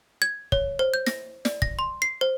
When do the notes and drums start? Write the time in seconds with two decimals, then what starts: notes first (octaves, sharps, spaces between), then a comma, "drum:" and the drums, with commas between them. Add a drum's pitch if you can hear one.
0.22 G#6
0.52 C#5, drum: kick
0.79 C5
0.94 G6
1.07 A#6, drum: snare
1.45 D5, drum: snare
1.62 A#6, drum: kick
1.79 C6
2.02 C7
2.21 C5